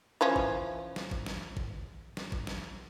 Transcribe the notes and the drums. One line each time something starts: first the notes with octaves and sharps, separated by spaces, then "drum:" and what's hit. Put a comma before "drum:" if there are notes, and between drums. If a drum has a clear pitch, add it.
E3 F3 C#4
drum: kick
drum: snare
drum: kick
drum: snare
drum: kick
drum: snare
drum: kick
drum: snare